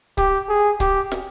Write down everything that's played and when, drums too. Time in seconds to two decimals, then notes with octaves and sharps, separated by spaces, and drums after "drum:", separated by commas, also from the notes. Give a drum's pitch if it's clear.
0.17 G4, drum: kick C#1, hi-hat
0.49 G#4
0.80 G4, drum: kick C#1, hi-hat
1.12 drum: snare